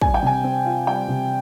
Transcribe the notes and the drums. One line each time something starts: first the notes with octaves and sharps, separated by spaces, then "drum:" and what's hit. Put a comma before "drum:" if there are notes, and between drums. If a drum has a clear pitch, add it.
G3 G#5, drum: kick
G5
C3 G#5
C4
F4
G3 G5
C3